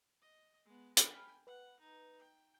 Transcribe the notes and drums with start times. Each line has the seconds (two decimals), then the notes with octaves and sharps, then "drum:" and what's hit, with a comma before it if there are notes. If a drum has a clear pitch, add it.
0.22 D#5
0.65 G#3 B3
0.97 G5 G#5 B5 F6, drum: hi-hat
1.47 B4 F#5
1.80 D#4
2.19 G5